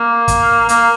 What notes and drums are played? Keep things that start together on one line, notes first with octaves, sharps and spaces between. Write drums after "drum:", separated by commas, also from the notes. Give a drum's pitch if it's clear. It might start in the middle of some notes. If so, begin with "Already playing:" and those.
Already playing: A#3
drum: kick, hi-hat
A#3, drum: hi-hat